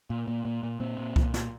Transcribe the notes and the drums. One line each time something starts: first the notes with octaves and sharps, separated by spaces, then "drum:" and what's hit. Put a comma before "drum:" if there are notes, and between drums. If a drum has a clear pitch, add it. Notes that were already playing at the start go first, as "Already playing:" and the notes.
A#2
A#2
A#2
A#2
A#2 C4
A#2
A#2, drum: kick C2
A#2, drum: snare